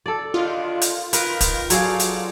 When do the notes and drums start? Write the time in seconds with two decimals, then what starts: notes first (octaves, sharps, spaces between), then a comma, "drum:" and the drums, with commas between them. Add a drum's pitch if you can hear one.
0.06 A4 D5
0.34 G2 D3 D#3 F4
0.81 drum: hi-hat
1.13 D#3 A#4 B4, drum: hi-hat
1.41 drum: kick, hi-hat
1.70 F#3 D#4 G#4 A4 D5 F5, drum: hi-hat
2.00 drum: hi-hat